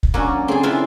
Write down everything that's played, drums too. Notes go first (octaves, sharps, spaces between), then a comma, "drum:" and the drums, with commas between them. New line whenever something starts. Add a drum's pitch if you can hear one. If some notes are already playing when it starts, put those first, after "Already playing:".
drum: kick
F#3 A#3 C#4 D4
C#3 C4 G#4 A4
E3 D4 E4 F4